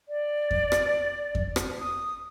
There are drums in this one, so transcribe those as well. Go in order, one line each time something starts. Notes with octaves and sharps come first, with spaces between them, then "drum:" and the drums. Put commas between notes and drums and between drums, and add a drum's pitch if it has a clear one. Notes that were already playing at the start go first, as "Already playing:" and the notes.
D5
drum: kick F2
drum: rim click
drum: kick F2
drum: rim click
D#6